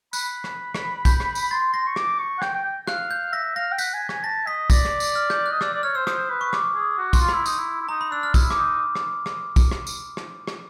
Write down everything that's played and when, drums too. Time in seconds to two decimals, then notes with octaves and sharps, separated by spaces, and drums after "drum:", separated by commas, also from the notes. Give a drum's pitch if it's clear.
0.13 B5 F#6, drum: tambourine
0.44 drum: rim click
0.75 drum: rim click
1.05 G6, drum: kick, tambourine
1.20 drum: rim click
1.35 drum: tambourine
1.51 C6 A6
1.73 C6 A#6
1.87 C#6
1.96 D6, drum: rim click
2.19 C#6
2.38 F#5
2.42 G5, drum: rim click
2.54 G5
2.65 G5
2.87 F5 F#6, drum: rim click
3.11 G6
3.33 E5 A#6
3.56 F5 A#6
3.72 G5
3.78 F#5 B6, drum: tambourine
3.94 G#5
4.09 G#5, drum: rim click
4.24 A5 A#6
4.47 D#5 B6
4.70 D5 A#6, drum: kick, tambourine
4.85 drum: rim click
5.00 drum: tambourine
5.15 F6
5.30 G6, drum: rim click
5.46 F#6
5.51 D#5
5.61 D5 E6, drum: rim click
5.73 D5
5.83 C#5 F6
5.95 C5 E6
6.07 C5 D#6, drum: rim click
6.30 B4
6.41 C#6
6.53 D6, drum: rim click
6.75 G#4
6.98 F#4
7.13 C6, drum: kick, tambourine
7.21 F4
7.29 E4 B5, drum: rim click
7.46 D#4, drum: tambourine
7.58 E4
7.81 E4
7.89 D#4 A#5
8.01 B5
8.12 D4 E6
8.23 F6
8.34 E4 D#6, drum: kick, tambourine
8.50 D6, drum: rim click
8.58 D#4
8.95 drum: rim click
9.26 drum: rim click
9.56 drum: kick, tambourine
9.71 drum: rim click
9.87 drum: tambourine
10.17 drum: rim click
10.47 drum: rim click